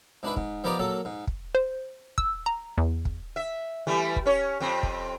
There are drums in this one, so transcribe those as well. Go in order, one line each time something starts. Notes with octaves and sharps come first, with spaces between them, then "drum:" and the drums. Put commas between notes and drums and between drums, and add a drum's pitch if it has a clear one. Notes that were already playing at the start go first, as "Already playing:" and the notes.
G#2 D4 E4 B4
G#2, drum: kick
F3 B3 G4 A#4 D5 D#5
F#3 A#3 A4
G#2
drum: kick
C5
E6, drum: kick
A#5
E2
drum: kick
E5
E3 G3 A3
drum: kick
C#4 C#5
F2 C4
drum: kick